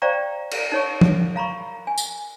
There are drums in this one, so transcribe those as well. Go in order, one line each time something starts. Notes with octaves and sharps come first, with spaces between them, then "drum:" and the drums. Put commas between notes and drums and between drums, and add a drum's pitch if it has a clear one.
C5 D5 F5 G5 A#5 C#6
drum: cymbal
D#4 C#5 C#6
drum: tom
F5 A#5 B5 C#6
G#5
drum: tambourine